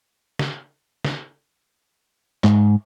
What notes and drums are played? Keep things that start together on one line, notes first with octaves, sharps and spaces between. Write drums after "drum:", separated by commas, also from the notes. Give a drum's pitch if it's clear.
drum: snare
drum: snare
G#2, drum: clap